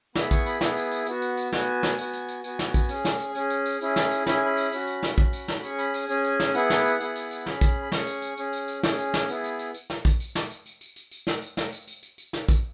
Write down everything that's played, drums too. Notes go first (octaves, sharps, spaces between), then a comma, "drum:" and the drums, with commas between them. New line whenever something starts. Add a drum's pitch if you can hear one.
B3 E4 G#4 B5, drum: snare
C#6, drum: kick, tambourine
B5, drum: tambourine
B3 E4 G#4, drum: snare
drum: tambourine
drum: tambourine
B3 F#4, drum: tambourine
drum: tambourine
drum: tambourine
B3 F#4 G#5, drum: snare
drum: snare
B3 F#4, drum: tambourine
drum: tambourine
drum: tambourine
B3 F#4 G#5, drum: tambourine
drum: snare
drum: kick, tambourine
C#4 G#4, drum: tambourine
drum: snare
drum: tambourine
C#4 G#4, drum: tambourine
drum: tambourine
drum: tambourine
C#4 E4 G#4, drum: tambourine
drum: snare
drum: tambourine
C#4 E4 G#4 B5, drum: snare
G#5
B5
drum: tambourine
C#4 F#4, drum: tambourine
drum: tambourine
drum: snare
C#4 F#4, drum: kick
drum: tambourine
drum: snare
C#4 G#4 C#6, drum: tambourine
B5, drum: tambourine
G#5, drum: tambourine
C#4 G#4, drum: tambourine
drum: tambourine
drum: snare
B3 E4 G#4 F#5, drum: tambourine
drum: snare
drum: tambourine
B3 E4 G#4, drum: tambourine
drum: tambourine
drum: tambourine
C#4 G#4 B5, drum: snare
drum: kick, tambourine
B5
C#4 G#4 C#6, drum: snare
drum: tambourine
drum: tambourine
C#4 G#4, drum: tambourine
drum: tambourine
drum: tambourine
C#4 G#4, drum: snare
drum: tambourine
drum: snare
B3 E4 G#4, drum: tambourine
drum: tambourine
drum: tambourine
drum: tambourine
drum: snare
drum: kick, tambourine
drum: tambourine
drum: snare
drum: tambourine
drum: tambourine
drum: tambourine
drum: tambourine
drum: tambourine
drum: snare
drum: tambourine
drum: snare
drum: tambourine
drum: tambourine
drum: tambourine
drum: tambourine
drum: snare
drum: kick, tambourine